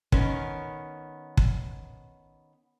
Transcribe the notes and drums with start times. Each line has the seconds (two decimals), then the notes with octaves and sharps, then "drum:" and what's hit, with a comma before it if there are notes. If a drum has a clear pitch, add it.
0.12 D#3 B3 C#4, drum: kick
1.37 drum: kick